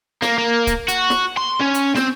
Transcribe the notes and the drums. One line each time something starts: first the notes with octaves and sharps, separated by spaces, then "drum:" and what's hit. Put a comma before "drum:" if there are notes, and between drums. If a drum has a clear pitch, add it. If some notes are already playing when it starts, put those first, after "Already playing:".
A#3, drum: snare
A#3
drum: kick C#1, hi-hat
F#4, drum: hi-hat
drum: snare
C6
C#4
drum: hi-hat
C4, drum: snare